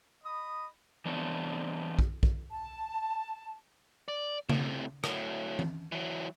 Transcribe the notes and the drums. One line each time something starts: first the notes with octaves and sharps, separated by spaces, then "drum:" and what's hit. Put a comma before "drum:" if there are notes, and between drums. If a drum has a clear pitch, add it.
D#5 B5 D#6
E3 B3 C4 D4 C#5
drum: kick
drum: kick
A5
D5
A2 C3, drum: tom C#3
A2 F#3, drum: rim click
drum: tom E3
E3 F#3